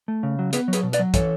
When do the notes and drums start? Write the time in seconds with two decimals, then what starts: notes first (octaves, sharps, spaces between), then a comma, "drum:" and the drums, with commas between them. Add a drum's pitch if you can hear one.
0.08 A3
0.23 C#3
0.39 F#3
0.53 B3 G#4 B4, drum: hi-hat
0.68 F#3
0.73 G#4 B4, drum: hi-hat
0.83 B2
0.93 B4 D5, drum: hi-hat
0.99 F#3
1.14 E3 A4 C#5, drum: kick, hi-hat